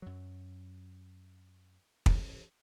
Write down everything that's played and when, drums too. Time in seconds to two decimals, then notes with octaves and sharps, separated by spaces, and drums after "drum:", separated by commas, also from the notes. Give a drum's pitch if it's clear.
0.02 F#2 F#3
2.06 drum: kick